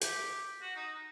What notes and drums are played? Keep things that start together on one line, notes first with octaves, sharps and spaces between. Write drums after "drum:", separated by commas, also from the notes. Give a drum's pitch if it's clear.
G4, drum: hi-hat
F#4
D#4